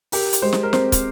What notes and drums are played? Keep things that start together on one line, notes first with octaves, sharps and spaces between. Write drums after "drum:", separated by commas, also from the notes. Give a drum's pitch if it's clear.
G4 A#4, drum: open hi-hat
drum: hi-hat
G#3 C5
drum: snare
A#4
C4 C5, drum: snare
drum: kick, hi-hat